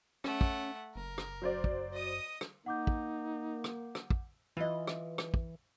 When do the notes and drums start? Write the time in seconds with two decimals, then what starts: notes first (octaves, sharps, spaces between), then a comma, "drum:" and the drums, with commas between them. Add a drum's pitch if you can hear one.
0.24 A3 C#4 F#5, drum: rim click
0.41 drum: kick
0.96 F#1 A#4
1.18 drum: rim click
1.42 F#3 C5 D5
1.64 drum: kick
1.94 D#5 D#6
2.41 drum: rim click
2.66 A#3 D#4 F#5 D6 G6
2.87 drum: kick
3.64 drum: rim click
3.95 drum: rim click
4.10 drum: kick
4.57 E3 F4 D#5
4.87 drum: rim click
5.18 drum: rim click
5.34 drum: kick